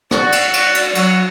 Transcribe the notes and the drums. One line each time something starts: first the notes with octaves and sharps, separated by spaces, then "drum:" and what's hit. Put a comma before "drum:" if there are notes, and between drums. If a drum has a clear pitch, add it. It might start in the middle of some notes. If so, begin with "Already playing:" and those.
F#4 D5, drum: rim click
drum: cymbal
drum: cymbal
drum: cymbal
F#3 F#4, drum: cymbal